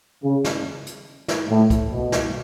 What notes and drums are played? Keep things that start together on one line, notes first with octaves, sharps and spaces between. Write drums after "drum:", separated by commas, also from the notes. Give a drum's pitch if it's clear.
C#3
drum: snare
drum: hi-hat
drum: snare
A2
drum: kick, hi-hat
B2
drum: snare